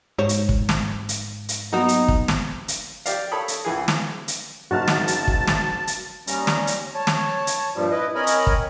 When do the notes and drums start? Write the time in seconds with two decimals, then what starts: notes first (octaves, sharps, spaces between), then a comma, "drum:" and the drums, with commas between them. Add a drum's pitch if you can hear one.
0.19 G#2 C5 C#5
0.29 drum: hi-hat
0.49 drum: kick
0.69 drum: snare
1.09 drum: hi-hat
1.49 drum: hi-hat
1.73 F#3 A#3 B3 D#4 F#4
1.88 drum: hi-hat
2.08 drum: kick
2.28 drum: snare
2.68 drum: hi-hat
3.06 G4 D5 F5, drum: hi-hat
3.32 A4 C#5 B5 D#6
3.48 drum: hi-hat
3.65 C#2 E3 G#4
3.88 drum: snare
4.28 drum: hi-hat
4.71 F#1 D#4 F#4 A5 F6
4.88 drum: snare
5.08 drum: hi-hat
5.28 drum: kick
5.47 drum: snare
5.87 drum: hi-hat
6.27 D#2 G3 C#4 A#5, drum: hi-hat
6.47 drum: snare
6.67 drum: hi-hat
6.95 C#5 A5
7.07 drum: snare
7.47 drum: hi-hat
7.75 G2 A#2 F3 G3
7.91 E4 B4 D#5
8.15 C4 A#4 C#5 D#5 G#5 B5
8.27 drum: hi-hat
8.47 drum: kick